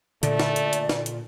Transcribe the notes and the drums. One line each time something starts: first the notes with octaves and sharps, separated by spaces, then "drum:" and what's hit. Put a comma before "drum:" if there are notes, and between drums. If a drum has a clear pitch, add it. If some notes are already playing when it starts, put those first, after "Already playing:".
A#2 D3 A3 D5, drum: hi-hat
drum: snare
drum: hi-hat
drum: hi-hat
drum: snare
drum: hi-hat